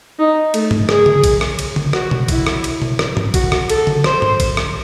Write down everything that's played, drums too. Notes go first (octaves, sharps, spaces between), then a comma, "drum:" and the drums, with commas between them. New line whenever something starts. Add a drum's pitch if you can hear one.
D#4
A3, drum: cymbal
drum: tom G#2
G#4, drum: rim click
drum: tom C#3
drum: kick, cymbal
drum: rim click
drum: cymbal
drum: tom C#3
F#4, drum: rim click
drum: tom B2
E4, drum: kick, cymbal
drum: rim click
drum: cymbal
drum: tom B2
drum: rim click
drum: tom G#2
F#4, drum: kick, cymbal
drum: rim click
A4, drum: cymbal
drum: tom C#3
C5, drum: rim click
drum: tom G#2
drum: kick, cymbal
drum: rim click